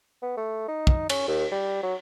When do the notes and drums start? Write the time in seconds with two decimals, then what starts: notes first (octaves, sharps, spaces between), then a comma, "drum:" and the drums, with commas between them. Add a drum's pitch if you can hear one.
0.22 B3
0.37 A3
0.68 D#4
0.87 drum: kick
1.10 C#4, drum: cymbal
1.28 D#2
1.51 G3
1.83 F#3